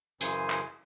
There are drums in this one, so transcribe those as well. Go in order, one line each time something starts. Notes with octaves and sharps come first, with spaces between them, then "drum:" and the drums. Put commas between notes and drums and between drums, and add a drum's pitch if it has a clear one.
F#2 C#3 E3 C5 G#5, drum: hi-hat
drum: clap